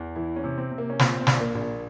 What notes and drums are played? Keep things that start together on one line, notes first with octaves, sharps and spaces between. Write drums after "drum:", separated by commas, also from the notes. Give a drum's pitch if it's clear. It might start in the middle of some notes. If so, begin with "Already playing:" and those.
Already playing: E2
E3 E4
C#4
C3
C4
C3
A#3
C#4
A#2 C4, drum: snare
C4
A#1, drum: snare
A#3
A#1
A#3